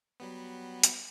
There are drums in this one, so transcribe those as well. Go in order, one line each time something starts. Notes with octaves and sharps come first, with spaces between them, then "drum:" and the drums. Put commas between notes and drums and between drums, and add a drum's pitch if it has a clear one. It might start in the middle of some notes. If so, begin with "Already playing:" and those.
F#3 G3 B3
drum: hi-hat